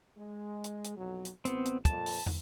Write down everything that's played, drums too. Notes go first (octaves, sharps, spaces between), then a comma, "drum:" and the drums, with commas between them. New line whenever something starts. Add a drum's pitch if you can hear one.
G#3
drum: hi-hat
drum: hi-hat
B1 F2 F#3
drum: hi-hat
A1 B3 C4, drum: hi-hat
drum: hi-hat
F2 A#2 A5, drum: kick, hi-hat
drum: open hi-hat
drum: tom